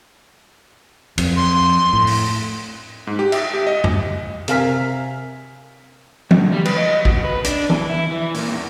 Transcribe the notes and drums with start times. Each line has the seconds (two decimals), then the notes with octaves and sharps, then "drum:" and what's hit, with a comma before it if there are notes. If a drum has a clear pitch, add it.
1.18 F2, drum: cymbal
1.36 C6
1.93 A2
2.07 drum: open hi-hat
3.07 G#2
3.19 G4
3.32 E5, drum: cymbal
3.54 G4
3.67 D#5
3.84 drum: tom F2
4.48 C3 A#4 F5 G#5 F6 B6, drum: hi-hat
6.31 D2, drum: tom
6.52 G3
6.65 B4, drum: cymbal
6.78 D#5
7.05 B2, drum: kick
7.24 B4
7.44 D4, drum: hi-hat
7.70 E3, drum: tom E3
7.90 E4
8.11 E3
8.34 A#2, drum: open hi-hat
8.49 E2